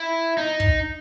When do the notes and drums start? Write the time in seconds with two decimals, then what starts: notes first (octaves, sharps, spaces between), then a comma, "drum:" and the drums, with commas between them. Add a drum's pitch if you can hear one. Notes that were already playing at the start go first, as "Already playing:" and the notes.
Already playing: E4
0.37 D#4
0.60 drum: kick